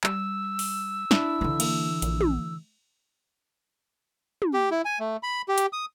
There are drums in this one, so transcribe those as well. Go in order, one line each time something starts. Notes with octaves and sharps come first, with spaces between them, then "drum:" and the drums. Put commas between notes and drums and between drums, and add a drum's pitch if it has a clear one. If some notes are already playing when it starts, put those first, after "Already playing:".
G3 E6, drum: clap
drum: open hi-hat
D4 E4, drum: snare
D3 E3
A#3, drum: cymbal
A#1, drum: hi-hat
drum: tom
drum: tom
G4
E4
G#5
A3
B5
G4
drum: hi-hat
D#6